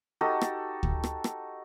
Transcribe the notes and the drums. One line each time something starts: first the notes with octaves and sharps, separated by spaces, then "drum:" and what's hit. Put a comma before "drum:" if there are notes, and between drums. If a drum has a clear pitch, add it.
D#4 F#4 G4 A4
drum: rim click
drum: kick
drum: rim click
drum: rim click